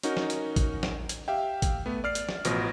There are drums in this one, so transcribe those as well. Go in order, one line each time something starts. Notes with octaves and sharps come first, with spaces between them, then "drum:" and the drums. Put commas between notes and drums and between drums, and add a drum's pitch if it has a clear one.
C#4 D#4 F#4 A#4, drum: hi-hat
drum: snare
drum: hi-hat
drum: kick A1, hi-hat
drum: snare
drum: hi-hat
G4 E5 F5 G5
drum: kick A1, hi-hat
A3 B3
D5 F6 C7
drum: hi-hat
drum: snare
A1 B2 F3, drum: hi-hat